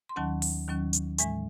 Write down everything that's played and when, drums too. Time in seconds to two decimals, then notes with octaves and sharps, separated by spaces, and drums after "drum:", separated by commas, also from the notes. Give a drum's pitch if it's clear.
0.09 C6
0.16 D#2 D#3 F#3 C#4 F#5 A5
0.42 drum: open hi-hat
0.68 D#2 D#3 F#3 C#4
0.93 drum: hi-hat
1.18 A2 E3 G#3 E5 G#5, drum: hi-hat